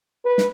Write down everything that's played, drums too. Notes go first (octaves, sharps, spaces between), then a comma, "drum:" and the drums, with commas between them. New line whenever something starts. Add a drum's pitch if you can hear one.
B4
drum: snare